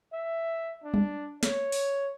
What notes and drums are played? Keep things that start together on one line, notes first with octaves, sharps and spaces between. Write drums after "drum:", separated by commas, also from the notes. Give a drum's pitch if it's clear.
E5
D4
drum: tom G3
C#5, drum: snare
drum: open hi-hat